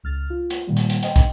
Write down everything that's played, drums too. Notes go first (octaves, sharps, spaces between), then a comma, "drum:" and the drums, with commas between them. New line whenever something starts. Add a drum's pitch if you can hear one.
C#2 F6 A6
F4
drum: hi-hat
A#2 D#3 G3 A#3
drum: hi-hat
drum: hi-hat
C5 D#5 G5, drum: hi-hat
drum: kick, hi-hat